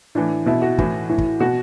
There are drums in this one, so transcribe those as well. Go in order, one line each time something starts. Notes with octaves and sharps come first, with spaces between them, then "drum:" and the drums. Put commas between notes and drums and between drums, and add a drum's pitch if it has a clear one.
A2 E3 D4
B2 E4
F#4
A2 E3, drum: kick
A2 E3
drum: kick
B2 F#4